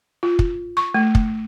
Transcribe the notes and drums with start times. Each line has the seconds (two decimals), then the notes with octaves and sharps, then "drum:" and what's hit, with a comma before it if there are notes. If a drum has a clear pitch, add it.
0.23 F4
0.39 drum: kick
0.77 C#6
0.94 A3
1.15 drum: kick